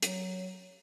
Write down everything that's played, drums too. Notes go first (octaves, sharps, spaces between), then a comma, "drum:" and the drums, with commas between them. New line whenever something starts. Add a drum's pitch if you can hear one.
F#3, drum: hi-hat